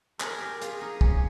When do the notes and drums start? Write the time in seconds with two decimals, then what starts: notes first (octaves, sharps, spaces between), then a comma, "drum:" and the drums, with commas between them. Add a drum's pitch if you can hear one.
0.20 G#4 A#4, drum: clap
0.41 G4
0.62 F4 G#4, drum: hi-hat
0.81 D#4
1.01 C#4, drum: kick